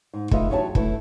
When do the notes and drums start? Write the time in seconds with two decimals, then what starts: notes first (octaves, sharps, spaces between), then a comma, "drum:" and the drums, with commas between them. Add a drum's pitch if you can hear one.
0.14 G#2
0.31 A3 B3 D#4 F4 D#5 E5, drum: kick
0.50 E2 F#3 G4 C#5 G#5 A5
0.75 A3 E4 B4, drum: kick